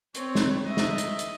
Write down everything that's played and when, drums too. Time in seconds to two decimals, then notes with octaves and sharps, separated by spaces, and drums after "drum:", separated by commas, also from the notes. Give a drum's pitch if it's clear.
0.14 C4 C#5, drum: hi-hat
0.35 drum: snare
0.65 D#5 E5
0.77 drum: snare
0.98 drum: hi-hat
1.19 drum: hi-hat